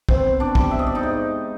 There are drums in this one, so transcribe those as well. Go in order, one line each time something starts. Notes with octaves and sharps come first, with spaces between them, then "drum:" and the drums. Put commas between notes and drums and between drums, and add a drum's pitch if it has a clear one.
B3 C4 C5, drum: kick
D4 D5
G3, drum: kick
E5
D#5
D5
D#4 D#5
G#2